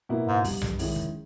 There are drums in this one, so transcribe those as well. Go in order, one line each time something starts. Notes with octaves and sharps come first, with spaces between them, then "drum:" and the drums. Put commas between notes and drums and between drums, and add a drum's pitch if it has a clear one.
B2 A#3 E4
G#2
G2, drum: kick, open hi-hat
drum: tom B1
D#3 G#3 C#4 E4, drum: open hi-hat
drum: kick